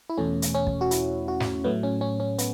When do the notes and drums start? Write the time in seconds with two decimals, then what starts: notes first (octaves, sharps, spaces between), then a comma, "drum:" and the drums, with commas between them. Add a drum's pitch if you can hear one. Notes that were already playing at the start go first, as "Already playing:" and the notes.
0.10 E4
0.17 E2 B2 A3 C#4
0.42 drum: hi-hat
0.55 C#4
0.67 drum: kick
0.81 F#4
0.91 E4, drum: hi-hat
1.28 F#4
1.40 drum: snare
1.64 A2 F#3 A3 B3
1.83 C#4
2.01 C#4
2.20 C#4
2.38 B3, drum: hi-hat